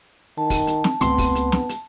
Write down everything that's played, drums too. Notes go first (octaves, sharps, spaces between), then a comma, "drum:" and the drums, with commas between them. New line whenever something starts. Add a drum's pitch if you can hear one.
D#3 A5
drum: kick, open hi-hat
drum: hi-hat
drum: snare
C#2 A3 B3 C4 C6, drum: hi-hat
drum: kick, open hi-hat
drum: hi-hat
drum: snare
drum: hi-hat